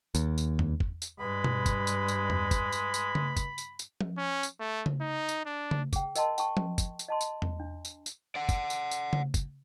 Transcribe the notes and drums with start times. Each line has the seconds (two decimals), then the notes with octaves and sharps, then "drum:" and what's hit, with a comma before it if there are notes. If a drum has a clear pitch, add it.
0.15 D#2, drum: tambourine
0.38 drum: tambourine
0.59 drum: tom E2
0.80 drum: kick
1.02 drum: tambourine
1.19 G2 G#3 B4 B5
1.44 drum: tom B2
1.66 drum: kick, tambourine
1.87 drum: tambourine
2.08 drum: tambourine
2.30 drum: tom E2
2.51 drum: kick, tambourine
2.72 drum: tambourine
2.94 drum: tambourine
3.15 drum: tom C#3
3.37 drum: kick, tambourine
3.58 drum: tambourine
3.79 drum: tambourine
4.01 drum: tom F3
4.17 C#4
4.43 drum: tambourine
4.60 A3
4.86 drum: tom C#3
5.00 D#4
5.29 drum: tambourine
5.45 D4
5.71 drum: tom C#3
5.93 G#4 G5, drum: kick, tambourine
6.15 A#4 D#5 G5 A5 C6, drum: tambourine
6.38 G5 A5 C#6, drum: tambourine
6.57 drum: tom F3
6.78 drum: kick, tambourine
6.99 drum: tambourine
7.08 D#5 A5 C6
7.21 drum: tambourine
7.42 drum: tom E2
7.60 D4
7.85 drum: tambourine
8.06 drum: tambourine
8.35 D5 F#5
8.49 drum: kick, tambourine
8.70 drum: tambourine
8.91 drum: tambourine
9.13 drum: tom C#3
9.34 drum: kick, tambourine